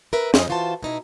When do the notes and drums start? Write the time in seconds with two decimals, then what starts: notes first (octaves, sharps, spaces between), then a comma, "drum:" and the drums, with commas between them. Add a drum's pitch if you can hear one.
0.13 A#4 B4 E5
0.34 F2 C4 C#4 D#5, drum: snare
0.49 E3 F4 F#4 C5 A5
0.83 B2 D#4 E4